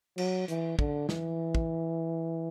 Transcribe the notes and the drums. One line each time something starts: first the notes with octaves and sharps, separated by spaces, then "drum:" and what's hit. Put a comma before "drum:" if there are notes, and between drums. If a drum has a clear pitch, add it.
F#3, drum: cymbal
E3, drum: hi-hat
D3, drum: kick
E3, drum: snare
drum: kick